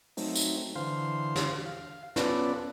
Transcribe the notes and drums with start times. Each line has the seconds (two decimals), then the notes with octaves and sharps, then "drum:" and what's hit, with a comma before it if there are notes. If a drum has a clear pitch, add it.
0.17 F#3 A3 C4 D#4, drum: open hi-hat
0.36 drum: tambourine
0.76 D3 E3 C5 F5 C6
1.36 drum: snare
1.66 F5
2.16 B3 C#4 F4 A4 B4 D5, drum: snare